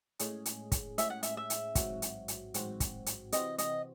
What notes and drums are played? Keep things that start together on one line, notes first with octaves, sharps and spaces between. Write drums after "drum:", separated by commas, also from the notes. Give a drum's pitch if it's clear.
A2 G#3 C#4 G#4, drum: hi-hat
drum: hi-hat
drum: kick, hi-hat
A2 G#3 C#4 G#4 E5, drum: hi-hat
F#5
E5, drum: hi-hat
E5
drum: hi-hat
A1 G#2 F#3 C4 F#4, drum: kick, hi-hat
drum: hi-hat
drum: hi-hat
A1 G#2 F#3 C4 F#4, drum: hi-hat
drum: kick, hi-hat
drum: hi-hat
C3 E3 C4 F#4 D#5, drum: hi-hat
D#5, drum: hi-hat